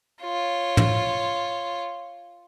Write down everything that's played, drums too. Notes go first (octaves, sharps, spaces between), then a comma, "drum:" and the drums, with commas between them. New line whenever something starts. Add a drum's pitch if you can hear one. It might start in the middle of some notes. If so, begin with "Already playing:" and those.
F4 C#5
drum: tom